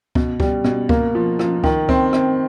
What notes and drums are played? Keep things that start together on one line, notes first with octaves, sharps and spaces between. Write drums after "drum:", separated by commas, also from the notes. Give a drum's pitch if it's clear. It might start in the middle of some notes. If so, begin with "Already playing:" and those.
B2, drum: kick C#2
G3, drum: kick C#2
B2, drum: rim click
A#3, drum: kick C#2
F3
F3, drum: rim click
D#3, drum: kick C#2
C4, drum: kick C#2
C4, drum: rim click